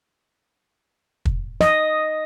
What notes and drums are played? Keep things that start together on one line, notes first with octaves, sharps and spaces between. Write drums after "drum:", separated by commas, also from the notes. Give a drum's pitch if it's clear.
drum: kick
D#5, drum: snare